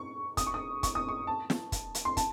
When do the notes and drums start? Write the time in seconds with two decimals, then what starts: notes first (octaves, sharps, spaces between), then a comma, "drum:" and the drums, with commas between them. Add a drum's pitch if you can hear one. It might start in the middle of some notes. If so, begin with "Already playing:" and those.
Already playing: C#6
0.37 D#6, drum: kick, hi-hat
0.47 C#6
0.54 D#6
0.83 C#6, drum: kick, hi-hat
0.95 D#6
1.09 C#6
1.27 A5
1.50 drum: snare
1.72 drum: kick, hi-hat
1.95 drum: hi-hat
2.05 C6
2.17 A5, drum: kick, hi-hat